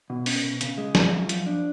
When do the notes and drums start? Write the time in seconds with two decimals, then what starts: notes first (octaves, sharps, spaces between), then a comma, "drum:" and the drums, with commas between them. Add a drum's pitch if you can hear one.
0.10 B2
0.26 C#4, drum: open hi-hat
0.44 B2
0.61 C#3, drum: hi-hat
0.78 G#3
0.95 F3, drum: snare
1.12 F#2
1.29 F3, drum: hi-hat
1.46 D4